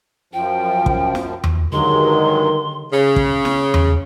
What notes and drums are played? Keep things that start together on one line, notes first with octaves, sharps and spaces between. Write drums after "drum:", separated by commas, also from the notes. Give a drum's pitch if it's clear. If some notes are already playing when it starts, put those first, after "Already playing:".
F#2 F3 G5
drum: kick
drum: snare
drum: tom E2
G2 D3 D#3 F#3 G#3 G4 A#4 C6
C#3
drum: kick
drum: snare
drum: tom E2